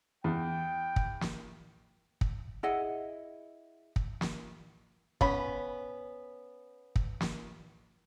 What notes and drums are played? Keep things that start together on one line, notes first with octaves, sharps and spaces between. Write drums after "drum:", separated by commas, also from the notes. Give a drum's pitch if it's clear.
E2 G5
drum: kick
drum: snare
drum: kick
E4 G#4 D#5 F#5
drum: kick
drum: snare
B3 C#4 B5, drum: kick
drum: kick
drum: snare